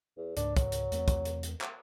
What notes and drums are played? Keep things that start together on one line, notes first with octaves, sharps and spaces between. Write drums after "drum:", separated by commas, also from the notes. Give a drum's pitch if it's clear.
E2
C#2 G#2 D4, drum: hi-hat
F#3, drum: kick, hi-hat
drum: hi-hat
E2 A3 C4, drum: hi-hat
drum: kick, hi-hat
drum: hi-hat
drum: hi-hat
drum: clap